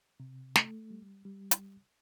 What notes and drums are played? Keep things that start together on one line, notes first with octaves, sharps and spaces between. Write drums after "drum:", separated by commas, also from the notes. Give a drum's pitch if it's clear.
C3
A3, drum: snare
G3
G3
drum: hi-hat